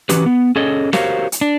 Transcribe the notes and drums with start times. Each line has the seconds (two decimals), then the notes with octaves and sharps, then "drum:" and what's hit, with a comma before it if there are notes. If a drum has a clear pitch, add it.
0.09 E3 C#4 F#4 G4 B4, drum: hi-hat
0.26 B3
0.56 C#4 G#4 A4 C#5 D#5
0.93 F#4 G4 A#4 C5 C#5 F5, drum: snare
1.32 drum: hi-hat
1.41 D4